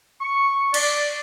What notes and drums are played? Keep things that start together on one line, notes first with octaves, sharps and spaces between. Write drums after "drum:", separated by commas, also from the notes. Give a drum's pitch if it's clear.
C#6
D5, drum: cymbal